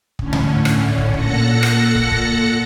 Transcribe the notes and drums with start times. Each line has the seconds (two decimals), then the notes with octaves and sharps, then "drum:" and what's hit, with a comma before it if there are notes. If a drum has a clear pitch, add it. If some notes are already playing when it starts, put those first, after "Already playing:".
0.19 A2 D3 C#4, drum: kick
0.33 drum: tom
0.65 drum: rim click
0.98 drum: kick
1.14 A#2 A4 F#5 A#6 C#7, drum: kick
1.63 drum: rim click
1.95 drum: kick
2.11 drum: kick